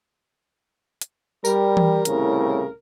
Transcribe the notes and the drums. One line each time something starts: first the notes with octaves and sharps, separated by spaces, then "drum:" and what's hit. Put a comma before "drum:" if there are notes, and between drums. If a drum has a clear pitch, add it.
drum: hi-hat
G3 A#4, drum: tambourine
drum: tom E3
C2 A2 C#3, drum: hi-hat